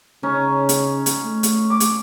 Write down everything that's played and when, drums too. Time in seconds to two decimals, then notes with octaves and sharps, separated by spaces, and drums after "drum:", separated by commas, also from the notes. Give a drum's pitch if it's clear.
0.23 C#3 C#4 D#4 C#5
0.69 drum: hi-hat
1.06 drum: hi-hat
1.25 A3
1.43 drum: hi-hat
1.70 D6
1.80 drum: hi-hat